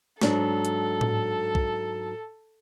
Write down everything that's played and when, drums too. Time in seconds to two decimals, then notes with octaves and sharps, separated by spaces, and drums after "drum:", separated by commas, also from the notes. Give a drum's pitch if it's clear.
0.21 G#2 F#3 D4 A4, drum: snare
0.65 drum: hi-hat
1.01 drum: tom A2
1.55 drum: kick